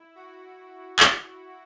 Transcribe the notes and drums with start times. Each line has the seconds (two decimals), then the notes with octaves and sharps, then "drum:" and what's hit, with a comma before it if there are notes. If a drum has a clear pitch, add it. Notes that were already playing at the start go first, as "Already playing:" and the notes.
Already playing: E4
0.15 F#4
0.99 drum: clap